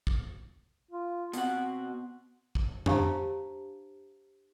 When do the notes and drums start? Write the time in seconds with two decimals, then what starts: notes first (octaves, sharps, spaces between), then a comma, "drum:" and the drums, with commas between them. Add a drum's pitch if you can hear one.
0.07 drum: kick
0.91 F4
1.33 B2 C4 F#5, drum: hi-hat
2.55 drum: kick
2.86 D4 G4 C5 F5 A5 A#5, drum: tom F2